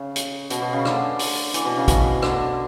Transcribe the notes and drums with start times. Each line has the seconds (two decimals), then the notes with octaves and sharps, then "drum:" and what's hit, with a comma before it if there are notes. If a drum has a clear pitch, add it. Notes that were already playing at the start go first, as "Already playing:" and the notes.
Already playing: C#3
0.16 drum: hi-hat
0.50 B2, drum: hi-hat
0.62 B2
0.73 C#3
0.85 D3, drum: rim click
1.19 drum: open hi-hat
1.54 E3, drum: hi-hat
1.65 B2
1.77 C#3
1.88 B2, drum: kick, hi-hat
2.22 D3, drum: rim click